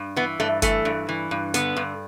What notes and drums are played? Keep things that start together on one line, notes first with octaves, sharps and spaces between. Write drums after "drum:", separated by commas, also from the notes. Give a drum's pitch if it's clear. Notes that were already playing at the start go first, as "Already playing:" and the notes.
Already playing: G2
E3 B3
G2 A3
E3 A3, drum: kick, hi-hat
G2
E3
G2
D3 B3, drum: hi-hat
G2